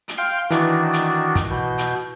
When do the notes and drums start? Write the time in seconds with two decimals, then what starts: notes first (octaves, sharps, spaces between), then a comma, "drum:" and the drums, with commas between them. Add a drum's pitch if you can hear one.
0.08 drum: hi-hat
0.18 F5 G5 C6
0.50 D#3 E3 D4 F#4, drum: hi-hat
0.93 drum: hi-hat
1.35 drum: kick, hi-hat
1.50 B2 G6
1.78 drum: hi-hat